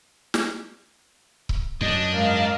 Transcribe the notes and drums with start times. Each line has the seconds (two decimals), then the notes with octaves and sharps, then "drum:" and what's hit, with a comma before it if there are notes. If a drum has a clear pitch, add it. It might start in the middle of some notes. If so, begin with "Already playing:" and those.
0.34 drum: snare
1.49 drum: kick C#1
1.81 F#2 D4 D#5
2.15 G#2 A#4 D#5 F5